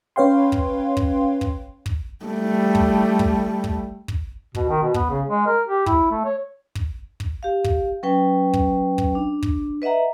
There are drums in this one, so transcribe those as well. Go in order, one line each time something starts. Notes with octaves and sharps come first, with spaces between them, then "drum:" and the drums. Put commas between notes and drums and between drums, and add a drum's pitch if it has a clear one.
C#4 B4 C#5 F5 G5 C6
drum: kick
drum: kick
drum: kick
drum: kick
G3 A3
drum: kick
drum: kick
drum: kick
drum: kick
B2, drum: kick
D#3
B2
B3, drum: kick
C#3
G#3
A#4
G4
E4, drum: kick
A3
C#5
drum: kick
drum: kick
G4 F5
drum: kick
F#3 C#4 B4 G5
drum: kick
drum: kick
D4
drum: kick
B4 D#5 E5 F#5 A#5